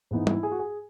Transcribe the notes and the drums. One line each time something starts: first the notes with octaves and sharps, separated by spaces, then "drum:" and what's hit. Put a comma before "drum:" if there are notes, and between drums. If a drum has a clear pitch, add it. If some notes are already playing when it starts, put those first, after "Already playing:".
G#2 E3 B3 D#4
E4, drum: tom
G#4
F#4
G#4